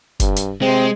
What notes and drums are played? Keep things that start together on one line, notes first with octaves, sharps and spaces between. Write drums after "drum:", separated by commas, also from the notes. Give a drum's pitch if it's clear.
G2, drum: kick, hi-hat
drum: hi-hat
C3 G#3 C4